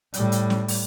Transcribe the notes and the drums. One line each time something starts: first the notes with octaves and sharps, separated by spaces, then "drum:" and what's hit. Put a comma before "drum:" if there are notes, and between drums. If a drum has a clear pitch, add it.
A2 G3, drum: hi-hat
drum: hi-hat
drum: snare
drum: open hi-hat